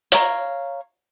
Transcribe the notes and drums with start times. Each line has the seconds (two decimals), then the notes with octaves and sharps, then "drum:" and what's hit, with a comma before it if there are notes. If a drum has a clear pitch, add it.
0.12 C#5 F5 A#5, drum: hi-hat